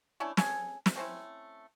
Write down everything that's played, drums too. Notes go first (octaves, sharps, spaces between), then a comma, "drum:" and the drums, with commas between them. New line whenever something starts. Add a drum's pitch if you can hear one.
A3 C#4 D4 E4
C#4 G#4 A4 G#5, drum: snare
drum: snare
A3 C4 C#4 E4